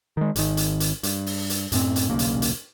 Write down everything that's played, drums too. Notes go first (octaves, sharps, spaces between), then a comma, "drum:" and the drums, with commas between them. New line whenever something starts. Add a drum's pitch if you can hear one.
D#3 G#3
G#1 D#3, drum: hi-hat
drum: hi-hat
drum: hi-hat
G2, drum: hi-hat
drum: open hi-hat
drum: hi-hat
F#2 A2 C4, drum: hi-hat
drum: hi-hat
D#1 B1 C#3 A#3
drum: hi-hat
drum: hi-hat